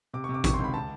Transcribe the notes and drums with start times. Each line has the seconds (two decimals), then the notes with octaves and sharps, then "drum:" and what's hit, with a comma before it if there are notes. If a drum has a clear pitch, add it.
0.14 C3 D6
0.24 C#6
0.29 C3
0.34 D6
0.44 D#3 C#6, drum: kick A1, hi-hat
0.54 C6
0.59 C#2
0.64 B5
0.74 A5